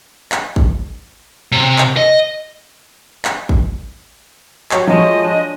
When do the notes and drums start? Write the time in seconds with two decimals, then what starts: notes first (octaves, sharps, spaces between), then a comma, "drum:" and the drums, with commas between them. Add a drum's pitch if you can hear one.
0.32 drum: clap
0.56 drum: kick
1.52 C3
1.78 drum: clap
1.97 D#5
3.25 drum: clap
3.49 drum: kick
4.71 F#3 G4 C#5, drum: clap
4.87 F3 F#3 G#3 A3 D#5
5.24 D4 C5